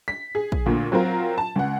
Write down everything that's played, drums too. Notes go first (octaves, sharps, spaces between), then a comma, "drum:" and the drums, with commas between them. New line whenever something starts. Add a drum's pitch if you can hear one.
B6
G#4
drum: kick A#1
D2 A#2
F#3 C4 F4 A#4
A5
C#2 F#5